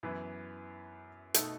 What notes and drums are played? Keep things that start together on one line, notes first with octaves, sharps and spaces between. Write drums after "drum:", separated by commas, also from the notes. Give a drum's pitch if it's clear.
F#2 E3 B3 E4 B4
B2 A3 D#4 A4, drum: hi-hat